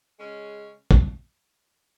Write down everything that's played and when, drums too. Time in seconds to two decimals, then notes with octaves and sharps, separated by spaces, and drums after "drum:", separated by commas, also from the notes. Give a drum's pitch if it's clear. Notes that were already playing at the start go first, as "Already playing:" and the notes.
0.17 C#3 G#3 C#4
0.91 drum: kick